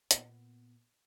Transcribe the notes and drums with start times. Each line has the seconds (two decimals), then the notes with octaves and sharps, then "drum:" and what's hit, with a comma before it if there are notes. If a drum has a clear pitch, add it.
0.11 A#2 B3, drum: hi-hat